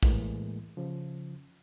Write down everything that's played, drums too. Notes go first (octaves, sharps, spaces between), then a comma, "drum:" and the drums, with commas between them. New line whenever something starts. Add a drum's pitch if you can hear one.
A2 E3 G#3 A#3, drum: kick
C#3 F3